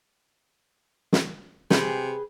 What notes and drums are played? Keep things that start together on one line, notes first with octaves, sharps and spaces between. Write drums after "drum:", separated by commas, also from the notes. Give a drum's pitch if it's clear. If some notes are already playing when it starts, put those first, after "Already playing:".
drum: snare
C3 G#4 B4 G5, drum: snare